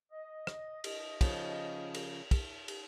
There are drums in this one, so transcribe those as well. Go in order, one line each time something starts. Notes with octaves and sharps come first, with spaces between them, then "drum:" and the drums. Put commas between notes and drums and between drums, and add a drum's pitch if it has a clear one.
D#5
drum: rim click
drum: cymbal
C#3 F3, drum: kick, cymbal
drum: cymbal
drum: kick, cymbal
drum: cymbal